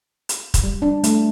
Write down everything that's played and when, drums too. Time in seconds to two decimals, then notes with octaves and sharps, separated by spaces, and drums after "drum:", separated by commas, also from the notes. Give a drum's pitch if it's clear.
0.29 drum: hi-hat
0.54 drum: kick, hi-hat
0.63 G3
0.82 D4
1.04 A3, drum: hi-hat